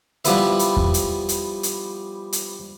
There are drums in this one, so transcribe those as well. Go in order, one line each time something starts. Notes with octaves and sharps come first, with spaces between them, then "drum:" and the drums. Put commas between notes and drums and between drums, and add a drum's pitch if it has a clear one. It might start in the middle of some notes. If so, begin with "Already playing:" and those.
F3 G3 B3 E4 B4 E5, drum: hi-hat
drum: hi-hat
drum: kick E2
drum: hi-hat
drum: hi-hat
drum: hi-hat
drum: hi-hat